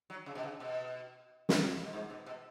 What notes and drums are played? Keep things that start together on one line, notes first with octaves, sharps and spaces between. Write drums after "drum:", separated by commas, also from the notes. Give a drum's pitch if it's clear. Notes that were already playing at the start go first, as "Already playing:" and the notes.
F#3
C#3
B2
C#3
B2
drum: snare
B2
G#2
B2
B2